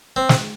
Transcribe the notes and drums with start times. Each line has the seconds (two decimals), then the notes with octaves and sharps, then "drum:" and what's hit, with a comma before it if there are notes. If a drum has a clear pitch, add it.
0.16 C4
0.29 drum: snare